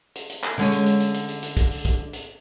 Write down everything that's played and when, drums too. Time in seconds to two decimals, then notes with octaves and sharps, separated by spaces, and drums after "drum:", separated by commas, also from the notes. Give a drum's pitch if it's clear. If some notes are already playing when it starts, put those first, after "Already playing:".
0.15 drum: hi-hat
0.30 drum: hi-hat
0.44 drum: clap
0.58 D3 G#3 C#4, drum: open hi-hat
0.72 drum: hi-hat
0.86 drum: hi-hat
1.00 drum: hi-hat
1.14 drum: hi-hat
1.28 drum: hi-hat
1.43 drum: hi-hat
1.57 drum: kick, hi-hat
1.71 drum: open hi-hat
1.85 drum: kick, hi-hat
2.13 drum: hi-hat